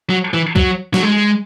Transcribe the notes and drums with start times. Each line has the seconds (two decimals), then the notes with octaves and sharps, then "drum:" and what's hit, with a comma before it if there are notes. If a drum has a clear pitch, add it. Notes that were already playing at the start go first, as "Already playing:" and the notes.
0.10 F#3
0.34 E3
0.56 F#3, drum: kick
0.94 F#3, drum: snare
1.03 G#3